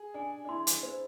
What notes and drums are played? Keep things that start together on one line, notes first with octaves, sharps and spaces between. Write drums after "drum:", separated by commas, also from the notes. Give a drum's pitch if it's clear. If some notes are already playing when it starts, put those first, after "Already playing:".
Already playing: G#4
D4 G#5
D4
E4 C6
drum: hi-hat
C5